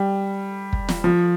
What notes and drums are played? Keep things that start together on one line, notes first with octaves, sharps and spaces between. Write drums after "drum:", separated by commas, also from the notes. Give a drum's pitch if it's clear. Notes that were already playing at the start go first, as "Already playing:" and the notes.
Already playing: G3
drum: kick
drum: snare
F3